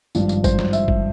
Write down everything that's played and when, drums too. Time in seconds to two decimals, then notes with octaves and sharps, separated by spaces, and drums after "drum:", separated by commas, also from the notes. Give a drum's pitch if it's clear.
0.15 G#1 G2 F3, drum: tambourine
0.29 drum: tambourine
0.44 C5, drum: kick G1, tambourine
0.59 drum: snare
0.73 E5, drum: tambourine
0.88 drum: kick G1